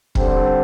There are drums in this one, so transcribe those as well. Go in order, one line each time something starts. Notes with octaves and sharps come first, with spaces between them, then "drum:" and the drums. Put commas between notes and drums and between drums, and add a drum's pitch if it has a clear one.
D3 G3 C4, drum: kick